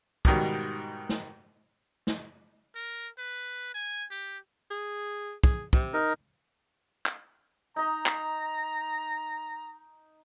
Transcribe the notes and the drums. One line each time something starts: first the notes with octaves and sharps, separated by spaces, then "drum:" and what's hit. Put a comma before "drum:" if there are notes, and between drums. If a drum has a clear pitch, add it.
G#2 B2 D#3 G3, drum: kick
drum: snare
drum: snare
A#4
B4
G#5
G4
G#4
G#4, drum: kick
C3, drum: kick
D#4 A#4
drum: clap
D#4 D#5 A#5
drum: clap